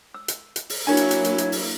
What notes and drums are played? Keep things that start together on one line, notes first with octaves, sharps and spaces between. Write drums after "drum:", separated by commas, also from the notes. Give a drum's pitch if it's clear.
E6
drum: hi-hat
drum: hi-hat
drum: open hi-hat
F#3 A#3 D4 E4 A#4 C#5 G#5
drum: hi-hat
drum: hi-hat
drum: hi-hat
drum: hi-hat
drum: open hi-hat